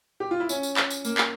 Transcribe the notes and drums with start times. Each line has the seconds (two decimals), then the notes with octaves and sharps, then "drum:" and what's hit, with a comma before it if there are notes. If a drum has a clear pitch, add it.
0.20 G4
0.31 F4
0.40 E4
0.49 C#4, drum: tambourine
0.63 drum: tambourine
0.77 drum: clap
0.90 drum: tambourine
1.05 A#3, drum: tambourine
1.18 drum: clap